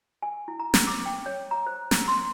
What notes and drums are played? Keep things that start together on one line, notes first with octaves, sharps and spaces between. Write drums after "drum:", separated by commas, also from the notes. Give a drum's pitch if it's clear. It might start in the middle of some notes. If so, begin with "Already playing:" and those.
G#5
E4
A#5
A#5, drum: snare
D6
G5
C#5
A#5
C5
A#5, drum: snare
C6